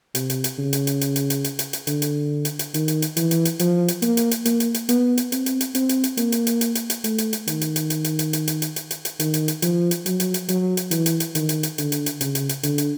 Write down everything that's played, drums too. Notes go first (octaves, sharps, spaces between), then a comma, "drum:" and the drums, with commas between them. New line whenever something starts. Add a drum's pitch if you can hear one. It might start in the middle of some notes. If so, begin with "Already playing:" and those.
C3, drum: hi-hat
drum: hi-hat
drum: hi-hat
C#3
drum: hi-hat
drum: hi-hat
drum: hi-hat
drum: hi-hat
drum: hi-hat
drum: hi-hat
drum: hi-hat
drum: hi-hat
D3, drum: hi-hat
drum: hi-hat
drum: hi-hat
drum: hi-hat
D#3, drum: hi-hat
drum: hi-hat
drum: hi-hat
E3, drum: hi-hat
drum: hi-hat
drum: hi-hat
F3, drum: hi-hat
drum: hi-hat
A#3, drum: hi-hat
drum: hi-hat
drum: hi-hat
A#3, drum: hi-hat
drum: hi-hat
drum: hi-hat
B3, drum: hi-hat
drum: hi-hat
C4, drum: hi-hat
drum: hi-hat
drum: hi-hat
C4, drum: hi-hat
drum: hi-hat
drum: hi-hat
A#3, drum: hi-hat
drum: hi-hat
drum: hi-hat
drum: hi-hat
drum: hi-hat
drum: hi-hat
A3, drum: hi-hat
drum: hi-hat
drum: hi-hat
D#3, drum: hi-hat
drum: hi-hat
drum: hi-hat
drum: hi-hat
drum: hi-hat
drum: hi-hat
drum: hi-hat
drum: hi-hat
drum: hi-hat
drum: hi-hat
drum: hi-hat
drum: hi-hat
D#3, drum: hi-hat
drum: hi-hat
drum: hi-hat
F3, drum: hi-hat
drum: hi-hat
F#3, drum: hi-hat
drum: hi-hat
drum: hi-hat
F#3, drum: hi-hat
drum: hi-hat
E3, drum: hi-hat
drum: hi-hat
drum: hi-hat
D#3, drum: hi-hat
drum: hi-hat
drum: hi-hat
D3, drum: hi-hat
drum: hi-hat
drum: hi-hat
C#3, drum: hi-hat
drum: hi-hat
drum: hi-hat
D3, drum: hi-hat
drum: hi-hat